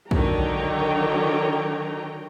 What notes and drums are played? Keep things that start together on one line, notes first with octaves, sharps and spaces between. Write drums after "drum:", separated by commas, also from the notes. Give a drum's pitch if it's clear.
D3 D#3 F#3 C#5 G5 A#5, drum: kick